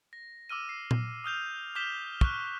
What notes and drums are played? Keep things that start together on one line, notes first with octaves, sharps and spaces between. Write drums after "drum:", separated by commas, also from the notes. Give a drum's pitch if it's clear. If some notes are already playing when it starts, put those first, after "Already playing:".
A#6
D6 E6 F6 D#7
C7
drum: tom A#2
D#6 F6 G6 F7
D6 F6 G6 B6 E7 G7
C#6 F6 F#6, drum: kick